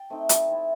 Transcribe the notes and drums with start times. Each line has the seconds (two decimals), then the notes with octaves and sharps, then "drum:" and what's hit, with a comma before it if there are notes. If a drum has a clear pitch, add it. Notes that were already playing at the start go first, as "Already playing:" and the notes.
Already playing: G5 A5
0.10 A3 C4 D#4
0.29 G3 A5, drum: hi-hat
0.49 C4 E4